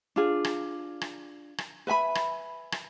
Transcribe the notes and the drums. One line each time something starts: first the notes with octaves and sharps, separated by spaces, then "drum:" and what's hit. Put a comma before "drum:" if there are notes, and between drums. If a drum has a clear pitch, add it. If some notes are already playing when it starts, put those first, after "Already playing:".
D4 F4 G#4
drum: rim click
drum: rim click
drum: rim click
B4 E5 G#5 B5
drum: rim click
drum: rim click